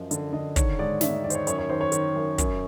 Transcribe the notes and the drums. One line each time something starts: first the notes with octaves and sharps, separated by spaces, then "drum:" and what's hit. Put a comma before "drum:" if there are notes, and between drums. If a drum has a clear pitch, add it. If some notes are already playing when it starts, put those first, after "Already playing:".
Already playing: F#2 F3 D#5
D3, drum: hi-hat
D3 D#5
D#3 C#5, drum: kick, hi-hat
G#2 D5
D#3 E5, drum: snare
D#5
D#3 D5
C5, drum: hi-hat
C#5
F#2 C#5, drum: hi-hat
C#5
D#3 C5
C#5
D#3, drum: hi-hat
F#2
F#2, drum: kick, hi-hat